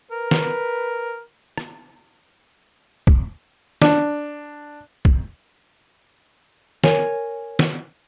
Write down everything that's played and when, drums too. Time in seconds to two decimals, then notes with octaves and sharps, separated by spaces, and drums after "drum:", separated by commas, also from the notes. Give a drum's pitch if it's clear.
0.11 A#4 B4
0.31 drum: snare
1.58 drum: rim click
3.07 drum: kick
3.82 D4, drum: snare
5.05 drum: kick
6.84 A#4 C#5 G#5, drum: snare
7.59 drum: snare